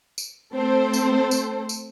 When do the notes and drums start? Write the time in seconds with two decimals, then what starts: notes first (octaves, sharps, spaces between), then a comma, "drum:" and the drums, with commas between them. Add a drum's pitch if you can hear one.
0.18 drum: tambourine
0.56 A3 C4 A4 C5
0.93 drum: tambourine
1.31 drum: tambourine
1.69 drum: tambourine